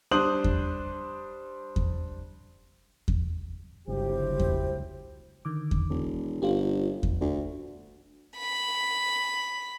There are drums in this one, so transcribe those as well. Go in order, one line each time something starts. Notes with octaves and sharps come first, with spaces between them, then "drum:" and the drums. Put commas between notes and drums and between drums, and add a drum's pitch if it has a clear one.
G3 D4 C5 D#6 F#6 F#7
drum: kick E2
drum: kick E2
drum: kick E2
G1 C#2 F#3 E4 G4 C5
drum: kick E2
D3 D#3 D6
drum: kick E2
E1
G1 C#4 F4 G4
drum: kick E2
D2
B5